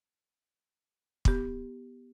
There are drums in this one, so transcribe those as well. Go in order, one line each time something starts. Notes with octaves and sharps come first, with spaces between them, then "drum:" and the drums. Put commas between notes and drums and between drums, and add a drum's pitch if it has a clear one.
B3 G4, drum: kick